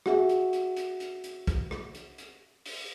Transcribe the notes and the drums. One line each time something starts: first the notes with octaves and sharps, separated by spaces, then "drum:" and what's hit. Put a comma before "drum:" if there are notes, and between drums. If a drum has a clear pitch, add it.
F#4 G#4 E5, drum: rim click
drum: hi-hat
drum: hi-hat
drum: hi-hat
drum: hi-hat
drum: hi-hat
drum: kick, hi-hat
drum: rim click
drum: hi-hat
drum: hi-hat
drum: open hi-hat